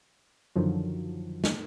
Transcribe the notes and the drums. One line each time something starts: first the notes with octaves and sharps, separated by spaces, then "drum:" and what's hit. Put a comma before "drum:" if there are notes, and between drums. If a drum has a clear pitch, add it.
F#2 D3 D#3 F3 F#3
drum: snare